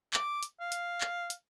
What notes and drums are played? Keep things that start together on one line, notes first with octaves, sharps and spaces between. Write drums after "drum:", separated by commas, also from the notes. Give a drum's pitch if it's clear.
D6, drum: clap
drum: hi-hat
F5
drum: hi-hat
drum: clap
drum: hi-hat